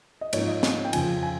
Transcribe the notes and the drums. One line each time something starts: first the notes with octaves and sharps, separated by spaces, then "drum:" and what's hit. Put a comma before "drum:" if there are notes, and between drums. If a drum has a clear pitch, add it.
D#5
G#2 F3 A#3 C#4 C#5, drum: cymbal
D#5
drum: snare
G5
F2 C#3 F3 G#5, drum: cymbal
G#5